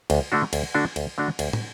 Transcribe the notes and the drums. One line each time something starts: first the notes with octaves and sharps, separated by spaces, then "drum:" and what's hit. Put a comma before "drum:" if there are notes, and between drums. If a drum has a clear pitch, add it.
D2, drum: cymbal
D3 A3 D4 F#4
D2, drum: cymbal
D3 A3 D4 F#4
D2, drum: cymbal
D3 A3 D4 F#4
D2, drum: cymbal
drum: tom